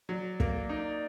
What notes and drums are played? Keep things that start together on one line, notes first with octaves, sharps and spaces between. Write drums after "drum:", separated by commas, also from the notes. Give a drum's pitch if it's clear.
F#3 D5
A#3, drum: kick
D#4